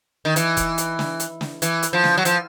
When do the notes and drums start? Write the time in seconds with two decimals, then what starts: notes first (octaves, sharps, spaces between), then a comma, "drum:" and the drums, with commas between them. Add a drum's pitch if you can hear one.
0.25 D#3
0.36 E3, drum: hi-hat
0.57 drum: kick E1, hi-hat
0.78 drum: hi-hat
0.99 drum: snare
1.20 drum: hi-hat
1.41 drum: snare
1.62 E3, drum: hi-hat
1.83 drum: hi-hat
1.93 F3
2.04 drum: snare
2.17 F#3
2.25 F3, drum: hi-hat